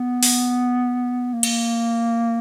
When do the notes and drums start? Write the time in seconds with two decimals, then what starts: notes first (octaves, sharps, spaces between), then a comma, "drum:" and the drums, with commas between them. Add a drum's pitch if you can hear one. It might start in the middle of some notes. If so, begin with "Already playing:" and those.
Already playing: B3
0.23 drum: open hi-hat
1.34 A#3
1.43 drum: cymbal